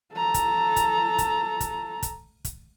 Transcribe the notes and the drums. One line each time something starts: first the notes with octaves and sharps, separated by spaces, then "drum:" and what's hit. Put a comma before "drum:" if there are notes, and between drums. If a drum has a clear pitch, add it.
A4 A#5
drum: kick, hi-hat
drum: kick, hi-hat
drum: kick, hi-hat
drum: kick, hi-hat
drum: kick, hi-hat
drum: kick, hi-hat